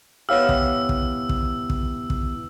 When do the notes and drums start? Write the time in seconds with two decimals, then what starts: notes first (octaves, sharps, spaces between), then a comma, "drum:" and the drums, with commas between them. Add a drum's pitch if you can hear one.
0.29 B3 E4 G4 C#5 F5 E6 F6
0.49 drum: kick
0.89 drum: kick
1.29 drum: kick
1.70 drum: kick
2.10 drum: kick